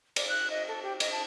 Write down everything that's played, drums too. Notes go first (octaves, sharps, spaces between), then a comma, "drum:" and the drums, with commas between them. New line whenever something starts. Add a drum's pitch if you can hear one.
D5, drum: cymbal
F#6
D#5
A4
G4
D#5, drum: cymbal
A5